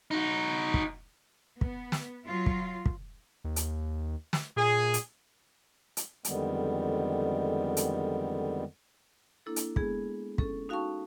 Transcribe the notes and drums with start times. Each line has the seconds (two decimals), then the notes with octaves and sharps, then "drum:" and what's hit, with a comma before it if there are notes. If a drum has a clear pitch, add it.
0.11 D#4 F#4
0.74 drum: kick
1.61 B3, drum: kick
1.92 drum: snare
2.26 F#3 F4
2.46 drum: kick
2.86 drum: kick
3.44 D#2
3.56 drum: hi-hat
4.33 drum: snare
4.56 A#2 G#4
4.94 drum: hi-hat
5.97 drum: hi-hat
6.25 F2 D3 D#3 G3 G#3 B3, drum: hi-hat
7.77 drum: hi-hat
9.46 A#3 D4 E4 A4
9.56 drum: hi-hat
9.76 G#3 B3 G#4, drum: kick
10.38 C#4 A4, drum: kick
10.69 D#4 F#4 F5 G5 A5 C#6